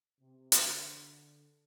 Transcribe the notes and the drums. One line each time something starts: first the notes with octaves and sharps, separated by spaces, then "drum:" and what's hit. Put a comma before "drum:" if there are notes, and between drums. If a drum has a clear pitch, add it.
C3
D3, drum: hi-hat